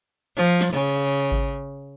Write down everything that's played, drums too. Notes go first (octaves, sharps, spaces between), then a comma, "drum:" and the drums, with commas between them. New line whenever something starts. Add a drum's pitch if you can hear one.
F3
drum: snare
C#3
drum: kick G#1